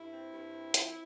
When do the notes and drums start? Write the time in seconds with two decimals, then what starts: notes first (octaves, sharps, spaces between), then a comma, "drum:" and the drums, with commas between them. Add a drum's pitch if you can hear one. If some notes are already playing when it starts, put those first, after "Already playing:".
Already playing: G2 E4
0.13 C4
0.33 G2
0.54 C4
0.74 F3, drum: hi-hat